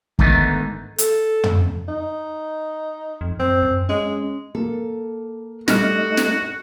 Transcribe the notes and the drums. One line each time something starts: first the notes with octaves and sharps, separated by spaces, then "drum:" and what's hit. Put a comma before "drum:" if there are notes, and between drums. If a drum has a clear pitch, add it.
G#2 D3 D#3 A3 B3 D#4, drum: kick
A4, drum: hi-hat
drum: tom
D#4
F2
F#2 C4
F#2
G#3 C#4
A#3 A4
G3 A3 D#4 F#4 F6 A#6, drum: snare
drum: snare